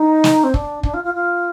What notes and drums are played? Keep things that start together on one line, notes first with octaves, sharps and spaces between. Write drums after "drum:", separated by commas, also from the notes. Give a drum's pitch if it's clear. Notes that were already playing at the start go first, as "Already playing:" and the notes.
Already playing: D#4
drum: snare
C4
D4, drum: kick
D4, drum: kick
F4
F4
F4